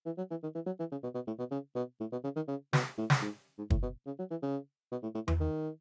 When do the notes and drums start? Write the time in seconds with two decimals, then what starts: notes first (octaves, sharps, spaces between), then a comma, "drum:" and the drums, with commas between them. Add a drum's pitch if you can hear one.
0.06 E3
0.18 F#3
0.31 E3
0.43 D#3
0.55 E3
0.66 F#3
0.80 E3
0.92 C#3
1.03 B2
1.15 B2
1.27 A2
1.39 B2
1.51 C#3
1.75 B2
2.00 A2
2.12 B2
2.24 C#3
2.36 D#3
2.48 C#3
2.73 B2, drum: snare
2.98 A2
3.10 drum: snare
3.22 G#2
3.58 G#2
3.70 A2, drum: kick
3.83 B2
4.07 C#3
4.19 F#3
4.31 E3
4.43 C#3
4.92 B2
5.03 A2
5.15 A2
5.28 E3, drum: tom E2
5.40 D#3